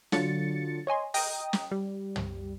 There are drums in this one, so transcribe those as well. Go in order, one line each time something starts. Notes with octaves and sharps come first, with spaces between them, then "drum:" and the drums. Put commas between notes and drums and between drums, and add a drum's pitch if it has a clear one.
D3 F#3 D4 F4 A6 C#7, drum: snare
C#5 D#5 G#5 C6
D#5 G5 A#5 D#6, drum: open hi-hat
drum: snare
G3
drum: tom